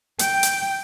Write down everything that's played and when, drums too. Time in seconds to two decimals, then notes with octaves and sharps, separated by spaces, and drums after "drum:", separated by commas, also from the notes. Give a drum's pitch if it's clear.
0.19 G5, drum: hi-hat
0.43 drum: hi-hat